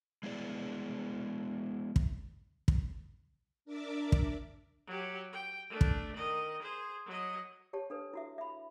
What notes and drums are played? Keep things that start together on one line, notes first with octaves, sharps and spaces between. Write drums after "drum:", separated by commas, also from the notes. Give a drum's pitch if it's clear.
G#3 B3 E4 G#4 D5
drum: kick
drum: kick
D4 A#4 D5 E5 D6
drum: kick
F#3 G4
G5
A3 D4
drum: kick
D#3 D#5
G#4 C5
F#3 D#5
G4 C#5 A5
D4 A4 B4
E4 F#4 E5
E5 B5